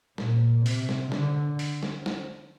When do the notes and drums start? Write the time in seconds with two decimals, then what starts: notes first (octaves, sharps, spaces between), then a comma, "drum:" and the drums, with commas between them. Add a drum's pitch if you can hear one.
0.18 A#2, drum: snare
0.66 C3, drum: open hi-hat
0.89 drum: snare
1.12 D3, drum: snare
1.59 drum: open hi-hat
1.83 drum: snare
2.06 drum: snare